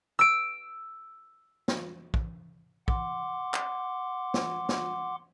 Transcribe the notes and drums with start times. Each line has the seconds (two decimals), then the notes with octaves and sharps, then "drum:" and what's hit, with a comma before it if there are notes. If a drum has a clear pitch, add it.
0.19 E6 D7
1.68 drum: snare
2.14 drum: kick
2.88 F#5 C6 D6, drum: kick
3.54 drum: clap
4.34 drum: snare
4.69 drum: snare